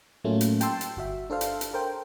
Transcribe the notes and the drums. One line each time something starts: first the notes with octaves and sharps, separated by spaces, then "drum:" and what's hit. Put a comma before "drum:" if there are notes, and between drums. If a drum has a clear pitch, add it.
A2 F#3 A3 A#3 C#4 F4
drum: hi-hat
G5 A5 C6 E6, drum: hi-hat
drum: hi-hat
G1 F#4 E5
D4 A4 C5 F5
drum: hi-hat
drum: hi-hat
A4 A#4 C5 G5